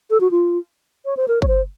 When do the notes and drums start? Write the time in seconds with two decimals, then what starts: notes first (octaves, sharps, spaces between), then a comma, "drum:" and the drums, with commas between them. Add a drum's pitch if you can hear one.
0.11 A4
0.20 F#4
0.31 F4
1.05 C#5
1.17 C5
1.28 A#4
1.42 C#5, drum: kick
1.48 C5